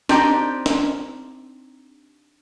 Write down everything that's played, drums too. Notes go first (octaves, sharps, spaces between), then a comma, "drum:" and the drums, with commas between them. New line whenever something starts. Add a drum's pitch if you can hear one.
C4 D4 D#4 G4, drum: snare D4
drum: snare D4